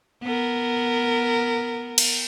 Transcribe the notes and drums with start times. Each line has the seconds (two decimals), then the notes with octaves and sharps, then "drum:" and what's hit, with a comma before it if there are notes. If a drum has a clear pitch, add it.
0.23 B3 A#4
1.98 drum: cymbal